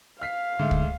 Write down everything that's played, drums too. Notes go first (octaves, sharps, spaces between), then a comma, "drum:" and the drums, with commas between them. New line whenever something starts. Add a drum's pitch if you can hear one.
F5 F6 B6 C7
G#2 D3 A3
drum: kick